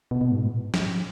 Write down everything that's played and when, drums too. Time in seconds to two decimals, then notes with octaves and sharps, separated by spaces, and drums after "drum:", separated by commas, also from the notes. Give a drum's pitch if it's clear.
0.11 B2
0.21 B2
0.31 G#2
0.42 A2
0.74 drum: snare